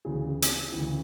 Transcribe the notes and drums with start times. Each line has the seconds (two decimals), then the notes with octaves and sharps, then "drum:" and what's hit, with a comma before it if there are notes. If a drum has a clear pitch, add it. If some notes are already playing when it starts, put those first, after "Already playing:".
0.05 D2 C#3 E3 G#4
0.42 drum: hi-hat
0.72 D2 C#3 E3